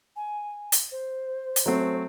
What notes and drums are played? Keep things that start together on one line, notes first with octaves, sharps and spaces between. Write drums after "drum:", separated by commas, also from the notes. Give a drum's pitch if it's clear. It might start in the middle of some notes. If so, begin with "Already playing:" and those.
G#5
drum: hi-hat
C5
drum: hi-hat
F#3 A3 C4